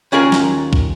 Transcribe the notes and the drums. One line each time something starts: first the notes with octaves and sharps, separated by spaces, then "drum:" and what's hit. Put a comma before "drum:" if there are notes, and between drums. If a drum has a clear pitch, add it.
D#2 C#4 F4 G#4 A#4 G#5
drum: snare
drum: kick